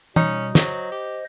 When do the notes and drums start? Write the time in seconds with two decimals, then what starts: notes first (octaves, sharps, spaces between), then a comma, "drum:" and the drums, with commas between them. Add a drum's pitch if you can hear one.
0.16 B2 G3 C#4 D#4, drum: tom E3
0.55 F#3 C5 D#5, drum: snare
0.92 G4